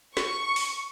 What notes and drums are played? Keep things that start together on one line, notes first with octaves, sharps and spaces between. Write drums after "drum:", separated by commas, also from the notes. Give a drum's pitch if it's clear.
C#6, drum: snare
drum: open hi-hat